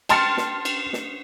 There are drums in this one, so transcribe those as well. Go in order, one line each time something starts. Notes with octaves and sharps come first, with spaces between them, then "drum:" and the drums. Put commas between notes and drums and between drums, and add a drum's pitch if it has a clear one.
G5 A5 C6 F6 A6 C#7, drum: cymbal
drum: snare
drum: cymbal
drum: snare